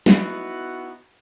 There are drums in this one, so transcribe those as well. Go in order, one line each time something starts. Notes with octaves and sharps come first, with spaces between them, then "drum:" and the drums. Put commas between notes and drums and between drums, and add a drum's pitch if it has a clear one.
B3 D#4 E4 F#4, drum: snare